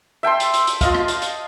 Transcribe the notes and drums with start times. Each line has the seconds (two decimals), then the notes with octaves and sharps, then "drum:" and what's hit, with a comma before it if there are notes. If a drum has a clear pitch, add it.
0.23 E5 G5 A5 C6
0.40 drum: hi-hat
0.54 drum: hi-hat
0.67 drum: hi-hat
0.81 F4 D#5 F5, drum: kick, hi-hat
0.95 drum: rim click
1.08 drum: hi-hat
1.22 drum: hi-hat